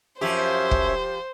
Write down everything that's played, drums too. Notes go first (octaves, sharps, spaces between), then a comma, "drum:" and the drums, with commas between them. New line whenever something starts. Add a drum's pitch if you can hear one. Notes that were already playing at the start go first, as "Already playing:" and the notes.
F#2 F3 G4 C5 C#5 E5
drum: kick